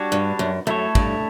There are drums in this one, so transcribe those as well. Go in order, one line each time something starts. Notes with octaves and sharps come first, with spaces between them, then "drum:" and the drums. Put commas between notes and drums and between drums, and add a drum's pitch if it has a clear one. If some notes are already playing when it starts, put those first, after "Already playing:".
Already playing: G3 D4 F#4 C#5
G2
F#2
F#2 A3 E4 A4 C#5
G2, drum: kick